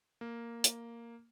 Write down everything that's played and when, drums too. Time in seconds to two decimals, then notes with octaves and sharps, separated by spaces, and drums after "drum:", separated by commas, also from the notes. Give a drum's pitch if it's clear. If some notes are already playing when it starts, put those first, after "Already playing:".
0.21 A#3
0.64 drum: hi-hat